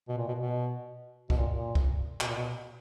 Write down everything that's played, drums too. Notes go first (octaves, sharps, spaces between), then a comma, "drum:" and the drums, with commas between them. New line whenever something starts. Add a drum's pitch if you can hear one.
B2
A#2
B2
B2
B2, drum: kick
A#2
A#2
drum: kick
B2, drum: clap
A#2
B2